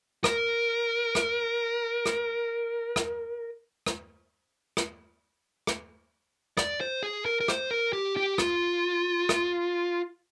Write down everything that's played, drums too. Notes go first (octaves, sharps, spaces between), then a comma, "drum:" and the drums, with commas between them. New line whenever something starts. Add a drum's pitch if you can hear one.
A#4, drum: rim click
drum: rim click
drum: rim click
drum: rim click
drum: rim click
drum: rim click
drum: rim click
D5, drum: rim click
C5
G#4
A#4
A#4
C5, drum: rim click
A#4
G4
G4
F4, drum: rim click
drum: rim click